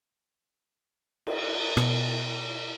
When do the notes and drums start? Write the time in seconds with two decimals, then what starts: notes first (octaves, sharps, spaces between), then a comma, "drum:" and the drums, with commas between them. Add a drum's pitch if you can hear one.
1.27 drum: cymbal
1.77 B2, drum: rim click